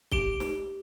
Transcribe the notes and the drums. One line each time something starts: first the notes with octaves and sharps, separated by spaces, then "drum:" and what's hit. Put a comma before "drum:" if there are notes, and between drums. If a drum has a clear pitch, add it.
G4 D7 G7, drum: kick
drum: snare